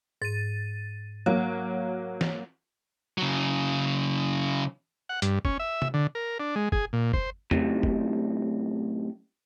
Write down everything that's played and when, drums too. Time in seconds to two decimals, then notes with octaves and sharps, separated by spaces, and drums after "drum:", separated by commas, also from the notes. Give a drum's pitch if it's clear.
0.22 G#2 A6 D#7
1.26 F#3 A#3 C#5
2.21 drum: snare
3.18 C#3 F#3
5.09 F#5
5.22 G2, drum: hi-hat
5.45 C#4, drum: kick
5.59 E5
5.82 drum: tom
5.94 D3
6.15 A#4
6.40 D4
6.56 G#3
6.72 G#4, drum: kick
6.93 A#2
7.13 C5, drum: kick
7.51 F#2 A2 C3, drum: tom
7.83 drum: kick